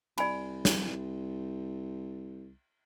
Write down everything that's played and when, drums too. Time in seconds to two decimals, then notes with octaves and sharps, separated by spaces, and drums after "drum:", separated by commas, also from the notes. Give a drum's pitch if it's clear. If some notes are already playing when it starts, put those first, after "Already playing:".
0.18 C2 D5 G#5 B5, drum: cymbal
0.65 drum: snare